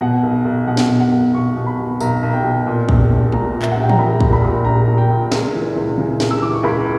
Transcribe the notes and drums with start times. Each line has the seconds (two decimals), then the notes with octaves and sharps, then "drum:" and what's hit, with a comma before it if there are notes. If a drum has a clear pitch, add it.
0.01 B2 F#5
0.23 B1
0.45 B1
0.67 B2 F#5
0.77 drum: snare
0.89 B2
1.00 F#5
1.12 B1
1.33 B1 C#6
1.56 B2
1.67 B5
1.79 B2
2.00 B1 A#5, drum: tambourine
2.23 B1
2.33 G5
2.44 B2
2.67 A#2
2.89 A#1, drum: kick
3.11 A#1
3.32 A#2 A#5, drum: tom G3
3.55 A#2
3.62 E5, drum: clap
3.72 F#5
3.77 A#1 G5
3.89 A#5, drum: tom E3
3.98 A#1 B5
4.20 A#2, drum: kick
4.33 B5
4.43 A#2
4.65 A#1 A#5
4.87 A#1
4.98 G5
5.10 A#2
5.32 C#2, drum: snare
5.54 E3
5.76 C#2
5.98 C#3
6.20 C#2, drum: snare
6.31 E6
6.42 E3 D6
6.54 C#6
6.63 C#2 B5